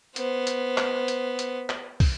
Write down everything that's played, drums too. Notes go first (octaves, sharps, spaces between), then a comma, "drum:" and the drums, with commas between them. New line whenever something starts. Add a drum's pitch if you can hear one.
B3 C5, drum: hi-hat
drum: hi-hat
drum: clap
drum: hi-hat
drum: hi-hat
drum: clap
drum: kick, open hi-hat